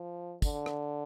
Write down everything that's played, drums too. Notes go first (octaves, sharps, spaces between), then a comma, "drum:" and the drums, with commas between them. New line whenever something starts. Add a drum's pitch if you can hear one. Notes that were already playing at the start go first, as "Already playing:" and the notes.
Already playing: F3
D3, drum: kick, tambourine
drum: rim click